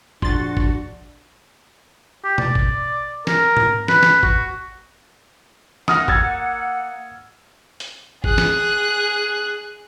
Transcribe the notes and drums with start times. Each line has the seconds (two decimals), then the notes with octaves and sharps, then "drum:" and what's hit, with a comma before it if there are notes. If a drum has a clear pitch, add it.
0.22 A#1 F3 D4 F#4 C6 A6, drum: kick
0.57 drum: kick
2.24 G4
2.38 D5, drum: tom B2
2.55 drum: kick
3.27 A#4, drum: snare
3.57 drum: tom G#2
3.88 B4, drum: snare
4.03 drum: snare
4.23 F#4, drum: kick
5.88 A#3 F#5 D#6 F6 A#6, drum: snare
6.08 E6 G#6 A6, drum: kick
7.80 drum: hi-hat
8.24 G#4 F#6, drum: kick
8.38 drum: snare